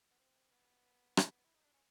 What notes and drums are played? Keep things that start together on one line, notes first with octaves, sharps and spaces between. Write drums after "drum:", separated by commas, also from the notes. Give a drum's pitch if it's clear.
B3
C4
B3
drum: rim click
E4
D#4
D4
C#4